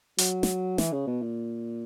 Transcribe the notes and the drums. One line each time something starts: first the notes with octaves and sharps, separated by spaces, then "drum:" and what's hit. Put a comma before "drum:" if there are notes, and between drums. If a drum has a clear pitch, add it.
F#3, drum: hi-hat
drum: snare
E3, drum: snare
C#3
B2
A#2